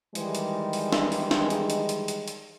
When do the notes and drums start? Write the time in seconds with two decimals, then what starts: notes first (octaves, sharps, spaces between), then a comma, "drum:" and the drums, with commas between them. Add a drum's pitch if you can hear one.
0.15 D#3 E3 G3 G#3, drum: hi-hat
0.35 drum: hi-hat
0.73 drum: open hi-hat
0.92 drum: snare
1.12 drum: open hi-hat
1.31 drum: snare
1.50 drum: hi-hat
1.70 drum: hi-hat
1.89 drum: hi-hat
2.08 drum: hi-hat
2.28 drum: hi-hat